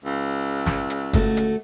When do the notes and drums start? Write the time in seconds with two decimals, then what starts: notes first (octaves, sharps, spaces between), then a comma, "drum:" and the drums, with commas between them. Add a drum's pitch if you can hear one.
0.05 C#2
0.66 drum: snare
0.90 drum: hi-hat
1.13 D2 A3 F#4, drum: kick, hi-hat
1.37 drum: hi-hat